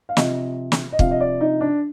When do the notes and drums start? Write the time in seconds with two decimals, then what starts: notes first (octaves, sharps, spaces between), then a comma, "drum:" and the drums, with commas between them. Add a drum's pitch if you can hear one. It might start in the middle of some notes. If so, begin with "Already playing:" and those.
0.09 F5
0.17 C3 F3 D#5, drum: snare
0.72 drum: snare
0.92 D#5
0.99 C3 F3 F5, drum: kick
1.11 D#5
1.20 D5
1.41 D#4
1.61 D4